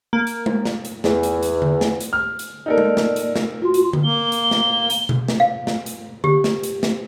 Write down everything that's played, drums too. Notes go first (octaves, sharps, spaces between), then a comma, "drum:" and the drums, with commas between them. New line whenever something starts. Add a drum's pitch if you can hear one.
A#3
drum: hi-hat
drum: tom G#3
drum: snare
drum: hi-hat
E2, drum: snare
drum: hi-hat
drum: hi-hat
drum: tom D3
drum: snare
drum: hi-hat
F6
drum: hi-hat
A#3 D#4 A4 A#4 D5
drum: tom G#3
drum: snare
drum: hi-hat
drum: snare
F4 F#4 C6
drum: hi-hat
drum: tom D3
A#3 G7
drum: hi-hat
drum: snare
drum: hi-hat
drum: tom B2
drum: snare
F5
drum: snare
drum: hi-hat
G4, drum: tom D3
drum: snare
drum: hi-hat
drum: snare